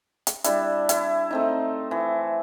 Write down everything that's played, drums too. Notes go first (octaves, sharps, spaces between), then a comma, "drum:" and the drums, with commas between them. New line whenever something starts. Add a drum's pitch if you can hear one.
drum: hi-hat
G3 D4 E4, drum: hi-hat
E4, drum: hi-hat
A3 C4 D#4
E3